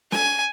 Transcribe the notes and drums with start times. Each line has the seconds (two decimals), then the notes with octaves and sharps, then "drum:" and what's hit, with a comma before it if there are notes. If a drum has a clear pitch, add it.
0.12 G#5, drum: snare